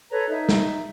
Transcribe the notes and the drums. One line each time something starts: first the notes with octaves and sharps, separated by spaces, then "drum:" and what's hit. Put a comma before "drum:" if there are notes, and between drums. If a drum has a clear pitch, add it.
A4 B4 C#5 A#5
D#4 E5
drum: snare